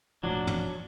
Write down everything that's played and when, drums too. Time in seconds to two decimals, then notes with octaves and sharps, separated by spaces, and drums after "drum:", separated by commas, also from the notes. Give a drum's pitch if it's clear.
0.23 E1 A2 F3 F#3 D4
0.47 drum: tom